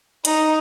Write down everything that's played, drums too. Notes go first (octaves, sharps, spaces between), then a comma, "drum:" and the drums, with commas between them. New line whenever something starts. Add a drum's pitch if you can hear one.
D#4, drum: hi-hat